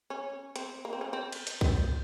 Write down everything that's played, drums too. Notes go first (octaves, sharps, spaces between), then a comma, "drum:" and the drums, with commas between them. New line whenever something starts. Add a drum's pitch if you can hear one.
C#4
C4, drum: hi-hat
A#3
C4
C#4
C4
drum: cymbal
drum: hi-hat
drum: kick